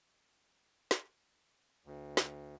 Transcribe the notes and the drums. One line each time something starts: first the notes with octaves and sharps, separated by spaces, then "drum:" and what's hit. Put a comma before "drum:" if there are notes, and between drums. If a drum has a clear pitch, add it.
drum: snare
D2
drum: snare